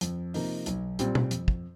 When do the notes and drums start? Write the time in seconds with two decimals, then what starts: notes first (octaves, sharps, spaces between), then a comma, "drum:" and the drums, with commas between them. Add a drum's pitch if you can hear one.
0.01 F2, drum: hi-hat
0.34 C3 F3 A#3 D#4, drum: open hi-hat
0.66 B1, drum: hi-hat
0.99 A#2 G3 C4, drum: hi-hat
1.15 drum: tom B2
1.31 F2, drum: hi-hat
1.48 drum: kick